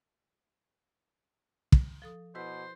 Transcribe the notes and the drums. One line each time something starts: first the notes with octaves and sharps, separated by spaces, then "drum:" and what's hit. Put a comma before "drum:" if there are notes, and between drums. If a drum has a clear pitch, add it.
drum: kick
F3 A4 D#6
B2 E4 F#4 B4 C5